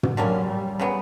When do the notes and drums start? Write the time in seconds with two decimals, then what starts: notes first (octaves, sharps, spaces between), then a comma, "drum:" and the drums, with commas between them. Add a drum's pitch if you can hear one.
0.03 drum: tom
0.17 D3 F#3 G3 A#3 C#4
0.48 G3
0.80 C#3 F#3 B3